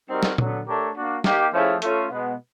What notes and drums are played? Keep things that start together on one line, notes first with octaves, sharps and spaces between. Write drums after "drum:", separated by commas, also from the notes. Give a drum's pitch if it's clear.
G3 C4 D#4 F#4 A#4
drum: snare
D3 F#3 B3, drum: tom A#2
A3 D4 G4 A#4 C#5
A#3 D4 F#4
A#3 D#4 G4, drum: snare
F3 A3 C#4 E4 G#4
A3 C#4 F4 A4, drum: hi-hat
B2 G#3 B3